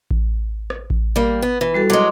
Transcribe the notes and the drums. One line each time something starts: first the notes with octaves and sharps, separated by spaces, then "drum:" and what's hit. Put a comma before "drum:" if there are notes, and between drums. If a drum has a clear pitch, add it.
drum: kick A1
drum: rim click
drum: kick A1
G3 A#3
B3
E3
G3 F#4 A4
F#3 G#3 C6 D6